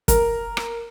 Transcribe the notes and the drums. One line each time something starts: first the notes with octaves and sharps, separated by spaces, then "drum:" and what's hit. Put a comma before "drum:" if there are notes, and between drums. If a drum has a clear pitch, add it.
A#4, drum: kick, hi-hat
drum: rim click